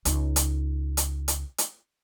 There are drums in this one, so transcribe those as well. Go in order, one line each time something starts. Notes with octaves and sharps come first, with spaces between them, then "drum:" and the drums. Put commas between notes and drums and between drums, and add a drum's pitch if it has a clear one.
C#2 D#4, drum: hi-hat
drum: hi-hat
drum: hi-hat
drum: hi-hat
drum: hi-hat